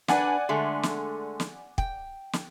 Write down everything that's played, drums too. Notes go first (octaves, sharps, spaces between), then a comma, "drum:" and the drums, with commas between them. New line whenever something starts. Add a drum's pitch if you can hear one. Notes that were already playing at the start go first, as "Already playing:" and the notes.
D4 B4 D5 F#5 G#5, drum: snare
D3 G#3 A3
drum: snare
drum: snare
G5, drum: kick
drum: snare